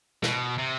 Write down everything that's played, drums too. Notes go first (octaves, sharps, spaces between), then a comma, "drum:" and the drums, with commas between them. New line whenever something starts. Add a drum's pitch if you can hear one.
B2, drum: snare
C3